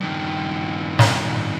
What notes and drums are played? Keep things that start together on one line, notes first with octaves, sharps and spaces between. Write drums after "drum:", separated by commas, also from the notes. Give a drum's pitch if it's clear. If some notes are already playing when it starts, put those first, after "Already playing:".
G2 D#3
drum: snare